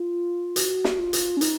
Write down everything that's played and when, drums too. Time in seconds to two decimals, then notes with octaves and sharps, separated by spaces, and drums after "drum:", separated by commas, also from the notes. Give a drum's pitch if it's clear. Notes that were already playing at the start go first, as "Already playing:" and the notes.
Already playing: F4
0.56 F#4, drum: hi-hat
0.84 drum: snare
0.99 F4
1.13 drum: hi-hat
1.37 C#4
1.41 D#4, drum: hi-hat